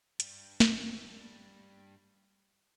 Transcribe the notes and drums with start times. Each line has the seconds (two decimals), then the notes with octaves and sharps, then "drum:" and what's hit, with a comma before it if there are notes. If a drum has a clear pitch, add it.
0.20 G2 G3, drum: hi-hat
0.60 drum: snare